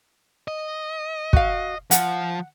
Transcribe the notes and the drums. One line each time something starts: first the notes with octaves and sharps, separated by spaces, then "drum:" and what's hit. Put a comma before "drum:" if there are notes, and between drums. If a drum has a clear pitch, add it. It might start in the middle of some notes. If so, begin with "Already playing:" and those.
D#5
F#4 F5, drum: kick
F3 F#5, drum: hi-hat